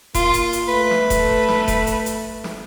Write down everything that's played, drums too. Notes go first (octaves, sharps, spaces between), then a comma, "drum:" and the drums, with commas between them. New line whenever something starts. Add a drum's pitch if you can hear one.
A#3 F4, drum: kick E1, hi-hat
drum: hi-hat
drum: hi-hat
A3 B4
drum: snare
drum: kick E1, hi-hat
drum: snare
drum: kick E1, hi-hat
drum: hi-hat
drum: hi-hat
drum: snare